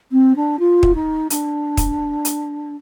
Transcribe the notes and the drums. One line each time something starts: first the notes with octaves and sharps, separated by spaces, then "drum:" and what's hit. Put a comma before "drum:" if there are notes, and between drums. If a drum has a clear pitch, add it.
C4
D4
F4
drum: kick
D#4
D4, drum: hi-hat
drum: kick, hi-hat
drum: hi-hat